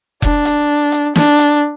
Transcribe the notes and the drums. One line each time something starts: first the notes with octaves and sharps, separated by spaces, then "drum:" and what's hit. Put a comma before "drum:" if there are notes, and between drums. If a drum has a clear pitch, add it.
D4, drum: kick F1, hi-hat
drum: hi-hat
drum: hi-hat
D4, drum: snare
drum: hi-hat